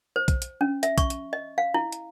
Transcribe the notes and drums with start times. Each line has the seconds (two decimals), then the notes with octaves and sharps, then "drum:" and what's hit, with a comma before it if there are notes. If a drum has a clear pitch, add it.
0.16 C5
0.28 drum: kick, hi-hat
0.42 drum: hi-hat
0.61 C#4
0.83 E5, drum: hi-hat
0.98 C#6, drum: kick, hi-hat
1.10 drum: hi-hat
1.33 D#5
1.58 F5
1.74 E4
1.92 drum: hi-hat